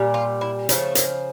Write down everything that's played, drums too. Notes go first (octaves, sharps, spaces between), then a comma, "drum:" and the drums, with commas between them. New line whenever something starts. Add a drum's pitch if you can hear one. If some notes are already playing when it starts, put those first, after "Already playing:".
Already playing: A#2 G3
F4
E4
C#3 F3 A3 D4, drum: hi-hat
A#3, drum: hi-hat